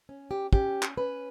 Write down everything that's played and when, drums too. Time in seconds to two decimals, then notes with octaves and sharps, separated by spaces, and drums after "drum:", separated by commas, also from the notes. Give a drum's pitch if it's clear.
0.09 C#4
0.31 G4
0.53 C#4 G4, drum: kick
0.83 drum: clap
0.97 C#4 B4